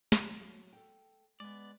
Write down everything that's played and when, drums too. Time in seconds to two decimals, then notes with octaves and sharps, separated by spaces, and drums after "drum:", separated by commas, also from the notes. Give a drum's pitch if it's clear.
0.12 drum: snare
0.24 F#3
0.73 A4 G5
1.40 G#3 B3 D5